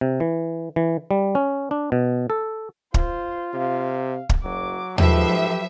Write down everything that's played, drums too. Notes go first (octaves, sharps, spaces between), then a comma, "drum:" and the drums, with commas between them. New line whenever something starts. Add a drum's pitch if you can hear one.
C3
E3
E3
G3
C#4
D4
B2
A4
F4 C5, drum: kick
C3 F5
drum: kick
F#1 F#3 D6
G#2 F3 F#3 G4 A4 B4 E5, drum: tom D#2